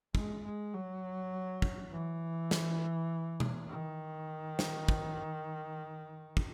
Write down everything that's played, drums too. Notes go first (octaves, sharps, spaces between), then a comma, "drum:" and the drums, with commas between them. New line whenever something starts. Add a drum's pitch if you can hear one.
G#3, drum: kick
G#3
F#3
drum: kick
E3
drum: snare
drum: tom B2
D#3
drum: snare
drum: kick
drum: kick